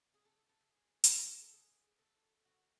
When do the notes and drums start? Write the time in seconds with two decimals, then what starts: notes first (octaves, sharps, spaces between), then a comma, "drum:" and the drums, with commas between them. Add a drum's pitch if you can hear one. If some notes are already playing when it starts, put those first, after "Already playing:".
0.14 G#4
0.25 A4
0.49 A4
0.61 G#4
1.04 drum: hi-hat
1.41 A4
1.53 G#4
1.99 A4
2.45 F#4